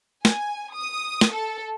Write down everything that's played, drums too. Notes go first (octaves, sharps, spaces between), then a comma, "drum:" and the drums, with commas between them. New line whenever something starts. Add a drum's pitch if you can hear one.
G#5, drum: snare
D#6
drum: snare
A4